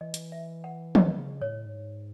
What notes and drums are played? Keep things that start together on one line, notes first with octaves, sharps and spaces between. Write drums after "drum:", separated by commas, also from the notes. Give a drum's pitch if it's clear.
E3 D#5
drum: hi-hat
E5
F#5
D#3 D#5, drum: tom
C#3
A2 C#5
G#2